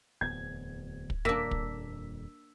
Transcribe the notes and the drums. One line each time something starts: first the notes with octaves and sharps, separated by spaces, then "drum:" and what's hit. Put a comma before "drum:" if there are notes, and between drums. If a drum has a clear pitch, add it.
D1 E2 B3 G#6
drum: kick
D#1 F2 A#3 D4 E6 B6
drum: kick